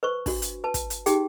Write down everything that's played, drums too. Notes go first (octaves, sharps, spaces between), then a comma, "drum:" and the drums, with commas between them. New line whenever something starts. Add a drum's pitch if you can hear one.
B4 C5 C#6
D4 F#4, drum: kick, open hi-hat
drum: hi-hat
B4 A5
drum: kick, hi-hat
drum: hi-hat
D#4 G4 G#4 G5, drum: hi-hat